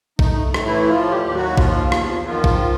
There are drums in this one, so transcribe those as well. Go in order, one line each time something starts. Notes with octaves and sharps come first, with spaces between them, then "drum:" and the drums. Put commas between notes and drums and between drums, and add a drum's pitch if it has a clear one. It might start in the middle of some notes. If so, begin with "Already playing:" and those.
A3 D#4, drum: kick A#1
A2, drum: rim click
E3 E4
F3 F4
G3 G4
D#2
F#3 F#4
F3 F4, drum: kick A#1
E2, drum: rim click
D#3 F3 F4
drum: kick A#1